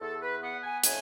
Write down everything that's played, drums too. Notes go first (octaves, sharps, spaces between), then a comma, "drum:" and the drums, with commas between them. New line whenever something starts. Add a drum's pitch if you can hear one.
E2 A4
B4
B3 F#5
G#5
A2 G#5, drum: hi-hat